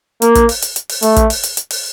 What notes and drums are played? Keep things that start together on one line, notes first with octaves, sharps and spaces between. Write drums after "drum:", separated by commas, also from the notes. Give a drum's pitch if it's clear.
A#3, drum: hi-hat
drum: kick, hi-hat
drum: open hi-hat
drum: hi-hat
drum: hi-hat
drum: open hi-hat
A3, drum: hi-hat
drum: kick, hi-hat
drum: open hi-hat
drum: hi-hat
drum: hi-hat
drum: open hi-hat